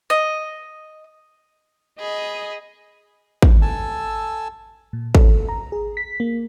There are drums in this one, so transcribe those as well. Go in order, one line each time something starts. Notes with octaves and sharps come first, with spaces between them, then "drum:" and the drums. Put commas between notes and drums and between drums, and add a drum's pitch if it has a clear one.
D#5
G#4 D#5 B5
drum: kick
A4 G#5 A5 E6
A#2
A4, drum: kick
A#5
G#4
B6
A#3